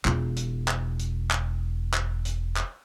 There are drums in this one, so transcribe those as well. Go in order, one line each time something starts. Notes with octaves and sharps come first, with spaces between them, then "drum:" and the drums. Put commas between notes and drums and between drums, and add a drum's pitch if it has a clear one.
E1 F4, drum: clap
drum: hi-hat
drum: clap
drum: hi-hat
drum: clap
drum: clap
drum: hi-hat
drum: clap